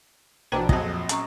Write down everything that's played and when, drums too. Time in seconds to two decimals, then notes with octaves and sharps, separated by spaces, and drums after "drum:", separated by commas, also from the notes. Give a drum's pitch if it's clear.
0.52 A#1 B2 D4 C5 G5 A#5
0.69 A#1 F2 F#3 C4 D#5 A5, drum: kick
1.09 C#4 A#5 C#6, drum: hi-hat